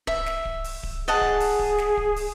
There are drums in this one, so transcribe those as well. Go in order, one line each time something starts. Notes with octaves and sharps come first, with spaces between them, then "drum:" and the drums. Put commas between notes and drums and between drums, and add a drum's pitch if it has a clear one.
E5, drum: kick D1
drum: snare
drum: kick D1
drum: open hi-hat
drum: kick D1
G#4 D#5 F#5 A5
drum: kick D1
drum: open hi-hat
drum: kick D1
drum: snare
drum: kick D1
drum: open hi-hat